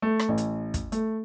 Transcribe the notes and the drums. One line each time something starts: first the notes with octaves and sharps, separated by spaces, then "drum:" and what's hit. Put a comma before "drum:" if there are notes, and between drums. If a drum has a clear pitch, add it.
A3
drum: rim click
A1
drum: hi-hat
drum: kick, hi-hat
A3, drum: hi-hat